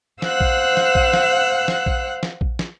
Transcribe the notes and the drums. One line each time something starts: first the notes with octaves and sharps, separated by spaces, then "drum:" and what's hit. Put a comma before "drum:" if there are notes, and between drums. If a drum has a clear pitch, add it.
C5 F5 F#5 E6 F#6, drum: snare
drum: kick A#1
drum: snare
drum: kick A#1
drum: snare
drum: snare
drum: kick A#1
drum: snare
drum: kick A#1
drum: snare